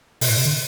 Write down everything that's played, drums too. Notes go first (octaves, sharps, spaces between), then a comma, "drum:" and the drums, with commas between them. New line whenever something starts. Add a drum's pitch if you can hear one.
B2, drum: open hi-hat
A2
C3
D3